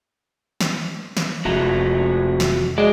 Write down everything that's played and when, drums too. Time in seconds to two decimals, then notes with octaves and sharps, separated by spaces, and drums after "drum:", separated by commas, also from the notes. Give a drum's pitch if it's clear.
0.61 drum: snare
1.17 drum: snare
1.45 F1 F3 G#3 A3 F#4 A#5
2.40 drum: snare
2.78 G#3 F#4 D5